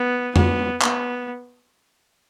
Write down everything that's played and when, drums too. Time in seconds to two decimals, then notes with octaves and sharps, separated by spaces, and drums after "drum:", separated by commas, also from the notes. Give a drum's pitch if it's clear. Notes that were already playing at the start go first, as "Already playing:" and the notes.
Already playing: B3
0.36 B3, drum: tom F2
0.82 B3, drum: clap